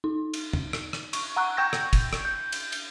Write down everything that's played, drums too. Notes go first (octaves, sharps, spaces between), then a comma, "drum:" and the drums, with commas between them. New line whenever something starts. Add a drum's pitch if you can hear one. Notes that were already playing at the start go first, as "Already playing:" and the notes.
D#4
drum: cymbal
drum: tom
drum: rim click
drum: rim click
C#6, drum: cymbal
F#5 A#5 C#6 E6 F#6
G5 C#6 E6 G6 G#6 A#6
drum: rim click
drum: kick, cymbal
drum: rim click
G6
drum: cymbal
drum: cymbal